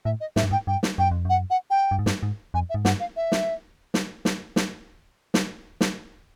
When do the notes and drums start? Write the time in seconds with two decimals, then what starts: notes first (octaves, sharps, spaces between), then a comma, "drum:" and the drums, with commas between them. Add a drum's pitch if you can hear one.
0.05 A2 E5
0.21 D#5
0.36 G#2 E5, drum: snare
0.44 G2
0.51 G#2 G5
0.67 G2 G5
0.83 drum: snare
0.98 F#2 G5
1.11 F2
1.25 F#2 F#5
1.50 F#5
1.70 G5
1.91 G2
1.99 G#2
2.06 G2, drum: snare
2.23 G#2
2.54 F2 G#5
2.69 E5
2.74 G#2
2.85 G2 F#5, drum: snare
3.00 F5
3.16 E5
3.32 drum: snare
3.94 drum: snare
4.25 drum: snare
4.56 drum: snare
5.34 drum: snare
5.81 drum: snare